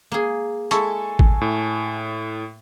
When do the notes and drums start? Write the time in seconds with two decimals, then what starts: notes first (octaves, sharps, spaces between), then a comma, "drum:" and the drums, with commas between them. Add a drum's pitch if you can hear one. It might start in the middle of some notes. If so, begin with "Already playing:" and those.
0.12 A#3 G#4
0.71 G#3 E4 A4 G#5 C#6, drum: hi-hat
1.19 drum: kick A1
1.41 A2